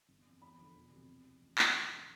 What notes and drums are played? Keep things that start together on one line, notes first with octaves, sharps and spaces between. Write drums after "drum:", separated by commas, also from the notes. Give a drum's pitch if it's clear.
G1
F2 E3
E2 B5
D3 F3
E1
D2 C3 F3
C2
C3 F3
A1
A2 E3, drum: clap
F1 C6
D3 F3